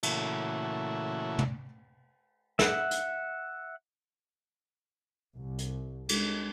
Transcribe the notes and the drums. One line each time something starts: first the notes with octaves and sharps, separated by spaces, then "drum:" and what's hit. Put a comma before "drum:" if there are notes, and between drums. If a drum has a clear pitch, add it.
A#2 C#3 E3 A3 E4 F#4, drum: cymbal
drum: tom
E5 F#5, drum: snare
drum: hi-hat
C2
drum: hi-hat
G#3, drum: cymbal